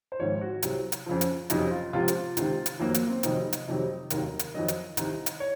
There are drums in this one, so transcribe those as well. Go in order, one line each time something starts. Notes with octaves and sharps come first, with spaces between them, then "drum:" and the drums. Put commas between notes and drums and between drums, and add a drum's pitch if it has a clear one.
C5
G#1 G#2 F3 C#5
F#4
C2 C3 F#3, drum: hi-hat
drum: hi-hat
F2 C#3 F3
drum: hi-hat
F#1 F2 C3 F#3 D#4, drum: hi-hat
F4
C#2 C3 F3 F4
drum: hi-hat
C#2 C3 D#3, drum: hi-hat
drum: hi-hat
F2 D#3 F#3 A#3
A#3, drum: hi-hat
C4
F1 F2 C3 D#3 F#3 D#4, drum: hi-hat
drum: hi-hat
F1 F2 C3 D#3 F#3
F1 D#2 D#3 F#3 A#4, drum: hi-hat
drum: hi-hat
F2 D#3 F#3 D#5
drum: hi-hat
C2 C3 D#3, drum: hi-hat
drum: hi-hat
C#5